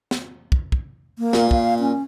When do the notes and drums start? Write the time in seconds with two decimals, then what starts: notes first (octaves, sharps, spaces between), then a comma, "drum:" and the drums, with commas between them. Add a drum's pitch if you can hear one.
0.11 drum: snare
0.52 drum: kick
0.72 drum: kick
1.19 A#3
1.33 A#2, drum: snare
1.51 F5, drum: kick
1.80 C#4